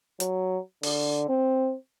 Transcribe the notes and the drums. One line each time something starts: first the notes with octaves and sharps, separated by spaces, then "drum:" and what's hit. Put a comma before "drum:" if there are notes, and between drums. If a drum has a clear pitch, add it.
F#3, drum: hi-hat
D3, drum: open hi-hat
C4